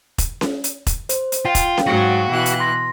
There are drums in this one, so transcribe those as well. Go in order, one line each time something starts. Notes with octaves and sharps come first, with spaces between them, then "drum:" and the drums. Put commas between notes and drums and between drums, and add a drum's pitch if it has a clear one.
drum: kick E1, hi-hat
drum: snare C#4
drum: hi-hat
drum: kick E1, hi-hat
C5, drum: hi-hat
drum: hi-hat
F4 F5 G5
drum: kick E1, hi-hat
drum: snare C#4
G#2 F#3 F#4
B2 E3 F#6
drum: hi-hat
C6 A#6